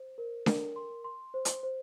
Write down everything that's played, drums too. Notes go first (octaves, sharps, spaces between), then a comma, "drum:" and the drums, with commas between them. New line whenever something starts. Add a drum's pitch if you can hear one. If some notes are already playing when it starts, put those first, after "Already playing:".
Already playing: C5
A#4
A#4, drum: snare D4
C6
C6
C5
drum: hi-hat
C5